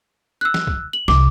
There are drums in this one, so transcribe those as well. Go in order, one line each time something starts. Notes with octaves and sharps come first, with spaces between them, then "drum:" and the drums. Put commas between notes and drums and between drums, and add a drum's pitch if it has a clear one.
E6 F#6
drum: snare
drum: kick
F#7
C2 D6, drum: snare